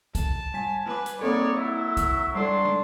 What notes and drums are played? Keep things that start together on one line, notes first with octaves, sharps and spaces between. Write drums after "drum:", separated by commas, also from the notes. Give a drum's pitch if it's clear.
A5, drum: kick, hi-hat
G3 G#5 B6
G3 B4 G#5 D6
drum: hi-hat
A#3 C4 D#4 A4 C#5 D5
F#3 E4 E5
drum: kick, hi-hat
G3 D4 A4 C6
drum: tom